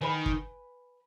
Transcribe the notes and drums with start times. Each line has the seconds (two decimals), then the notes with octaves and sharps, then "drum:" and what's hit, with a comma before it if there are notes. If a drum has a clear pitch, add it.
0.01 D#3 B4 G#5 B5
0.26 drum: kick G1